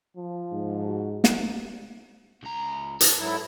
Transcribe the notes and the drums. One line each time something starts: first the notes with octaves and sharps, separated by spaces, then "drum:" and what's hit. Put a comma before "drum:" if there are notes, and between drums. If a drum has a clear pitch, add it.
F3
G#2
F#4
drum: snare
C#2 A#5
A4, drum: hi-hat
G#2 F#3 E4